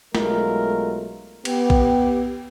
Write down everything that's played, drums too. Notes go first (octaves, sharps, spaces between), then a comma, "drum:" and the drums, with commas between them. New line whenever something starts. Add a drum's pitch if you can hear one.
B1 G#3 A3 F4 A#4, drum: snare
B3 G4, drum: cymbal
drum: kick A#1